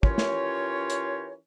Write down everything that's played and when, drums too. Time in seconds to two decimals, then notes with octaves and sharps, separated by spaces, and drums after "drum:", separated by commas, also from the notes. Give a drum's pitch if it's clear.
0.03 E3 C#4 F4 G4 A#4 C#5, drum: kick
0.18 drum: snare
0.90 drum: hi-hat